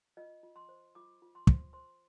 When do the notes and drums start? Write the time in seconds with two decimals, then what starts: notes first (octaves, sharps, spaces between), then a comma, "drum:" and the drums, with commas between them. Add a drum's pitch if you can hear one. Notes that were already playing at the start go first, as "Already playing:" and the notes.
0.17 F4 D#5
0.43 F4
0.56 C6
0.69 C5
0.95 F4 D6
1.22 F4
1.35 C6
1.47 C5, drum: kick
1.73 C5 C6